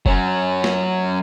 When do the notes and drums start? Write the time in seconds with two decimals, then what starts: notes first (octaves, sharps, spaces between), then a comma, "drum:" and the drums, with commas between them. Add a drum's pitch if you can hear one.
0.06 F#3 C#4, drum: kick F1
0.64 drum: snare